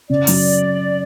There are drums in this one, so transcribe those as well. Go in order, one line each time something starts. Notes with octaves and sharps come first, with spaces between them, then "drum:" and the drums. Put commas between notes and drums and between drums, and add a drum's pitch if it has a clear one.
C#3 D5
F#3, drum: open hi-hat